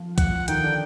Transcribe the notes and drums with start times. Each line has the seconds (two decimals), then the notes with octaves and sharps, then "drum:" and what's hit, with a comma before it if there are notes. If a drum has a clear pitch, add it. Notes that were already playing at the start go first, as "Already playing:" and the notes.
Already playing: F3 F4
0.18 F#5, drum: kick B1, hi-hat
0.48 D#3 D#4 G5, drum: hi-hat
0.63 D3 D4